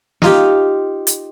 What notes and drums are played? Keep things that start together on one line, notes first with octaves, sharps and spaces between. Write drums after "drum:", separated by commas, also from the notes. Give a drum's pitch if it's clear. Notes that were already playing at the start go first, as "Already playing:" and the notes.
D#4 F4 G4, drum: snare
drum: hi-hat